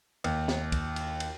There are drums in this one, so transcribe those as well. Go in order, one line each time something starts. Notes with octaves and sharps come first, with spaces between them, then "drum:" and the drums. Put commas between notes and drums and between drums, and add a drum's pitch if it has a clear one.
D#2, drum: cymbal
drum: snare
drum: kick, cymbal
drum: cymbal
drum: cymbal